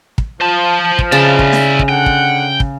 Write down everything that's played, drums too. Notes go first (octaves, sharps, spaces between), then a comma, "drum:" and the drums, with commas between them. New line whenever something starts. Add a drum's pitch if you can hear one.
drum: kick
F3 C5 A5
drum: kick
C#3 E4 G#4 D5 A5
drum: kick
drum: snare
drum: kick
D3 F#5 G5
drum: kick
drum: kick